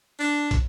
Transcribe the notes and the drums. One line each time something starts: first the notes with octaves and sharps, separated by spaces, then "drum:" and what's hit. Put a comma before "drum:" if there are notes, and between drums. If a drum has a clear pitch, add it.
D4
drum: kick, hi-hat